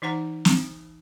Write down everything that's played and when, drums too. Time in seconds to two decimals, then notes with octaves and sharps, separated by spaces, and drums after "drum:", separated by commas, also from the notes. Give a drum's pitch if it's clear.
0.02 E3 D#4 C5 F#5 A#5
0.45 drum: snare